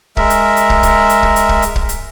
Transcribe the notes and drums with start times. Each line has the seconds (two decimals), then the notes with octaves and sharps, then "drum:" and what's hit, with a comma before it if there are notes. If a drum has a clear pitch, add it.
0.17 G#3 A#4 E5, drum: kick
0.30 drum: hi-hat
0.56 drum: hi-hat
0.70 drum: kick
0.83 drum: kick, hi-hat
1.09 drum: hi-hat
1.23 drum: kick
1.36 drum: hi-hat
1.49 drum: kick
1.62 drum: hi-hat
1.76 drum: kick
1.89 drum: hi-hat